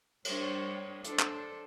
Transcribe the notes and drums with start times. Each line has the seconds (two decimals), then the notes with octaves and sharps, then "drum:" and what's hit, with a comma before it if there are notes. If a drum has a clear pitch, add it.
0.25 G3 D4 C5 C#5, drum: cymbal
1.04 D4 A4 C5, drum: hi-hat
1.19 drum: clap